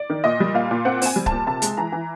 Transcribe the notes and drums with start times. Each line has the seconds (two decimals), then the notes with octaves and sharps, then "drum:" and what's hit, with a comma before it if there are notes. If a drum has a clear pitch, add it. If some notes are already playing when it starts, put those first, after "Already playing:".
Already playing: D5
0.10 D#3
0.24 A#2 D#5
0.40 G3
0.54 A#2 F5
0.71 A#2
0.85 C4 F#5
1.02 C4 G#5, drum: open hi-hat
1.16 G3
1.26 A5, drum: kick C#1
1.32 A#2
1.47 C3 A5
1.62 G#3, drum: hi-hat
1.77 E3 A#5
1.92 E3